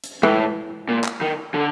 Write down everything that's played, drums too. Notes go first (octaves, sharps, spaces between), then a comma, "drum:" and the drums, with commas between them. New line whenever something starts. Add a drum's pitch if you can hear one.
drum: hi-hat
A2 E3, drum: tom G#3
A#2
drum: clap
D#3
D3